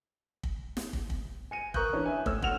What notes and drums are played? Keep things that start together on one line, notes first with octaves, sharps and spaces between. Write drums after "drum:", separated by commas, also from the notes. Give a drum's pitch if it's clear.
drum: kick
drum: snare
drum: kick
drum: kick
G#5 C#7 D#7
A#4 A#5 C#6 D#6 F#6 G6, drum: kick
E3 C#4 D4
E5 G#5
A2 C#5 E6, drum: kick
D2 F#5 F6 E7 F7, drum: kick